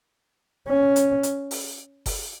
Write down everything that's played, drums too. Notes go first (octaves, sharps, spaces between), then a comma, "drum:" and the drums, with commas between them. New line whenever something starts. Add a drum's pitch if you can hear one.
C#4
drum: hi-hat
drum: hi-hat
drum: open hi-hat
drum: kick F#1, open hi-hat